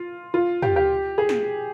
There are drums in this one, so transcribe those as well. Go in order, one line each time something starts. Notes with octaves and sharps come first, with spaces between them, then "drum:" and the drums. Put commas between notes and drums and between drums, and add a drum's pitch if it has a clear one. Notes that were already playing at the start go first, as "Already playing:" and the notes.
Already playing: F4
F4
G4, drum: tom
G4
G#4
drum: snare